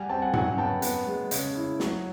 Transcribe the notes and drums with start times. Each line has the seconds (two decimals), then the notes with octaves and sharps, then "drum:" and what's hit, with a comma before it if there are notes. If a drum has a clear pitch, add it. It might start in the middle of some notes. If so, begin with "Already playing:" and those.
Already playing: G3 F#5 G#5
0.09 C4 G5 A5
0.22 F#5 G#5
0.33 F#2 F#5 G#5, drum: tom G#2
0.58 B3 G5 A5
0.82 B3, drum: hi-hat
1.07 G#3
1.31 C#3, drum: hi-hat
1.55 E4
1.80 F#3, drum: snare